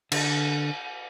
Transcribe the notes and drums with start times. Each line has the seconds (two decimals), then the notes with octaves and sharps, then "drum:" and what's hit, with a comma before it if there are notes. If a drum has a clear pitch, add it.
0.12 D3, drum: cymbal